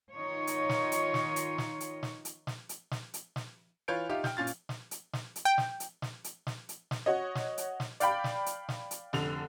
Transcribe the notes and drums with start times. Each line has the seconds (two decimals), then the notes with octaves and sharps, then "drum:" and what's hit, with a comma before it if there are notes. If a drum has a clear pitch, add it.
0.12 D#3 D#4 F4 C#5
0.47 drum: hi-hat
0.69 drum: snare
0.92 drum: hi-hat
1.14 drum: snare
1.36 drum: hi-hat
1.58 drum: snare
1.80 drum: hi-hat
2.03 drum: snare
2.25 drum: hi-hat
2.47 drum: snare
2.69 drum: hi-hat
2.91 drum: snare
3.14 drum: hi-hat
3.36 drum: snare
3.88 E3 F4 B4 C#5 G6 D7
4.09 D#4 F4 G4 E5 F5
4.24 G5 F6 G6, drum: snare
4.37 A#2 C#4 F4 A6
4.47 drum: hi-hat
4.69 drum: snare
4.91 drum: hi-hat
5.13 drum: snare
5.36 drum: hi-hat
5.45 G5
5.58 drum: snare
5.80 drum: hi-hat
6.02 drum: snare
6.24 drum: hi-hat
6.47 drum: snare
6.69 drum: hi-hat
6.91 drum: snare
7.06 F#4 C#5 D#5
7.35 drum: snare
7.58 drum: hi-hat
7.80 drum: snare
8.00 D5 F5 G5 B5, drum: hi-hat
8.24 drum: snare
8.46 drum: hi-hat
8.69 drum: snare
8.91 drum: hi-hat
9.13 F1 D3 F7, drum: snare